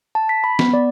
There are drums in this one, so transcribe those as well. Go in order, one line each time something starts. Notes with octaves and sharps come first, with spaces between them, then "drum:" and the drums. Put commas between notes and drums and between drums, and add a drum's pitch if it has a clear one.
A5
B6
B5
B3, drum: snare
D5